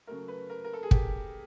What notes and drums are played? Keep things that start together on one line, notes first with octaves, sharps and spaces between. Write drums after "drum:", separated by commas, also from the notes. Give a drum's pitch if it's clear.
C#3 F#3 A3 A#4
B4
A#4
A#4
A4
G#4
G4, drum: kick